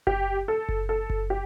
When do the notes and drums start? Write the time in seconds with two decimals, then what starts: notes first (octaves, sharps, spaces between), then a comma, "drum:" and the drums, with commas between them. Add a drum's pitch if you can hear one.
0.07 G4, drum: kick F#1
0.48 A4
0.69 drum: kick F#1
0.89 A4
1.10 drum: kick F#1
1.30 G4